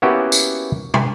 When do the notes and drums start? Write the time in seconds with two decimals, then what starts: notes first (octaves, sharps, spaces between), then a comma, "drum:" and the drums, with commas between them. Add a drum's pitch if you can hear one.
0.02 A#3 B3 C#4 E4 F#4 G4
0.32 drum: tambourine
0.94 drum: tom